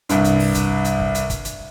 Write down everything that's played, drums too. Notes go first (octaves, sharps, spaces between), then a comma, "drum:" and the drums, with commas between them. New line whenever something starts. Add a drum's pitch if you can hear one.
C2 G2, drum: hi-hat
drum: hi-hat
drum: open hi-hat
drum: kick, hi-hat
drum: hi-hat
drum: kick
drum: hi-hat
drum: kick, hi-hat
drum: hi-hat